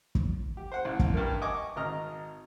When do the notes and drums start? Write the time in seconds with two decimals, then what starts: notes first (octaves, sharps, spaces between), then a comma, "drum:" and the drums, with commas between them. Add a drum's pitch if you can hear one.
0.15 drum: kick
0.57 G4
0.72 C5 F#5
0.85 A1
0.99 drum: kick
1.14 G2 A#4
1.42 D#5 G#5 C#6 D6
1.76 G#1 G#2 D#5 A#5 F6